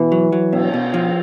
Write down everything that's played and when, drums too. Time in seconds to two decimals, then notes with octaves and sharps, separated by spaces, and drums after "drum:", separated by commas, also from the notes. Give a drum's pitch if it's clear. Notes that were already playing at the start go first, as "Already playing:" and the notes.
Already playing: B2 E3
0.12 F#3
0.32 F#3
0.53 B2, drum: cymbal
0.74 B2
0.94 F3